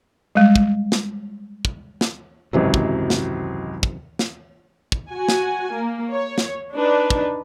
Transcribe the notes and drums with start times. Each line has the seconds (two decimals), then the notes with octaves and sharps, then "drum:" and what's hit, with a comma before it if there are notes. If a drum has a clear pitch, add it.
0.35 G3 G#3
0.55 drum: kick
0.92 drum: snare
1.65 drum: kick
2.01 drum: snare
2.53 G#1 C#2 F#2 C3 E3 F#3
2.74 drum: kick
3.10 drum: snare
3.83 drum: kick
4.19 drum: snare
4.92 drum: kick
5.11 F#4 G#5
5.29 drum: snare
5.72 A#3
6.10 C#5
6.38 drum: snare
6.74 D4 D#4 B4
7.10 drum: kick